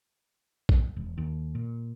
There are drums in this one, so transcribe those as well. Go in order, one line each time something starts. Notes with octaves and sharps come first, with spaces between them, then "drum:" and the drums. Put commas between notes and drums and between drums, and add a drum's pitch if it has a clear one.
drum: kick
E1
D#2
A#2